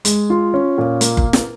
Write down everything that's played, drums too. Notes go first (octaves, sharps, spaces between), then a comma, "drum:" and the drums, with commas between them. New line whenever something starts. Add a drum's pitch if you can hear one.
G#3, drum: hi-hat
F4
C#4
A#2
A#3, drum: hi-hat
drum: kick F#1
drum: snare